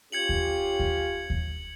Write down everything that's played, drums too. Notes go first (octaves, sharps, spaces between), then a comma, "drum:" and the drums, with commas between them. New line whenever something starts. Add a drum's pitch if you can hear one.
C#4 F4 G4 G#6 C#7 F#7
drum: kick D#2
drum: kick D#2
drum: kick D#2